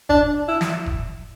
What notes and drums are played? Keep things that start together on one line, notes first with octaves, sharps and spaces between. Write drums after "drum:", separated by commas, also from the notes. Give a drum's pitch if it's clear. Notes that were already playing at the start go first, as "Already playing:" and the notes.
D4, drum: kick F1
E4
drum: snare
drum: kick F1